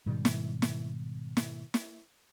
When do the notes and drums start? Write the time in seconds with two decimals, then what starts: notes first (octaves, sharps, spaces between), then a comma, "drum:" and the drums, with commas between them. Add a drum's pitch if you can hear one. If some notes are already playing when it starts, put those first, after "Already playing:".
0.06 G#2 B2 D#3 G3
0.25 drum: snare
0.62 drum: snare
1.37 drum: snare
1.74 drum: snare